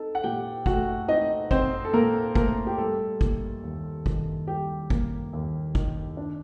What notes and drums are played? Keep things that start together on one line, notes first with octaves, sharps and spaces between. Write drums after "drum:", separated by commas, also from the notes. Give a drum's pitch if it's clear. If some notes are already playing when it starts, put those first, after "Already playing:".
Already playing: C4 D#4 A4
F#5
A#2 G4 G5
A3 F#4 F#5, drum: kick
C4 D#4 D#5
C4 D#4 C5, drum: kick
A4
A#2 A#3 A#4
A3 A#3 A#4, drum: kick
G4
G3 A4
A#3, drum: kick
D#2
D#3, drum: kick
G3 G4
A#3, drum: kick
D#2
D#3, drum: kick
D4